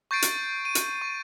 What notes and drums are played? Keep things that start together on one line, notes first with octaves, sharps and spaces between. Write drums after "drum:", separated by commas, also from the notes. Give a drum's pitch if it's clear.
C#6 G6 A6 C7 D7
drum: hi-hat
D#7
drum: hi-hat
C#6